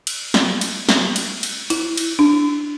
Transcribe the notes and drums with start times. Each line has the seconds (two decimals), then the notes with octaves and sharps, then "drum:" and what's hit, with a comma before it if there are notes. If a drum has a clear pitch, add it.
0.07 drum: cymbal
0.34 drum: snare
0.61 drum: cymbal
0.89 drum: snare
1.16 drum: cymbal
1.43 drum: cymbal
1.70 E4, drum: cymbal
1.97 drum: cymbal
2.19 D4